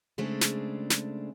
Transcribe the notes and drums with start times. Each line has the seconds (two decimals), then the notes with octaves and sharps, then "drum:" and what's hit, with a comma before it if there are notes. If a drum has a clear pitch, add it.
0.18 C#3 G#3 A3 C4 D4
0.41 drum: snare
0.90 drum: snare